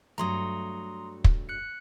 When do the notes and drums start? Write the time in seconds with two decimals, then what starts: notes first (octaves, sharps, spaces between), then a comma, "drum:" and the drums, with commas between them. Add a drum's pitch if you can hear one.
0.18 G2 F#3 A3 A#5 C6 D#6
1.24 drum: kick
1.49 F#6 C#7